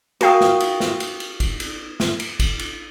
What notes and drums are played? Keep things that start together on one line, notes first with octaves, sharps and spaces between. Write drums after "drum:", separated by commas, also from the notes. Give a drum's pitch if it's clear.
F#4 A#4 F5 G5 D#6, drum: cymbal
drum: snare
drum: cymbal
drum: snare
drum: cymbal
drum: cymbal
drum: kick, cymbal
drum: cymbal
drum: snare
drum: cymbal
drum: kick, cymbal
drum: cymbal